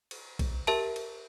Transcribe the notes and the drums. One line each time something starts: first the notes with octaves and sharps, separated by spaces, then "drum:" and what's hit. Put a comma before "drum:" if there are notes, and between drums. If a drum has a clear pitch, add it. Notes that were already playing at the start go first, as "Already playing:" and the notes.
drum: cymbal
drum: kick B1, cymbal
G4 A#4 E5 A5, drum: cymbal
drum: cymbal